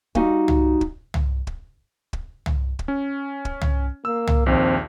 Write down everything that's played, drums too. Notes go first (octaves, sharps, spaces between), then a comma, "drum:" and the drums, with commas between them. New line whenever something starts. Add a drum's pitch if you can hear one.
G3 D#4 F#4 F5 G#5, drum: kick
drum: tom C2
drum: kick
drum: tom C2
drum: kick
drum: kick
drum: tom C2
drum: kick
C#4
drum: kick
drum: tom C2
A#3 E6
drum: tom C2
A#1 D#2 C4